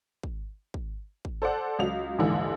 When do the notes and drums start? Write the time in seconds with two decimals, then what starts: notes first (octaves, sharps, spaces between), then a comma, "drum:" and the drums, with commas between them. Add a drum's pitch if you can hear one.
0.23 drum: kick
0.74 drum: kick
1.25 drum: kick
1.42 A4 C5 D5 F#5
1.79 C#2 F#3 F7
2.18 A#1 D#2 G#2 D3 E3